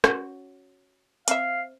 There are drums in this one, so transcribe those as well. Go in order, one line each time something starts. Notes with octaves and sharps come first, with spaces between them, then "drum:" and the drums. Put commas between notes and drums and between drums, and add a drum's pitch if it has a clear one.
C#4 F#4, drum: rim click
C4 E5 F5, drum: hi-hat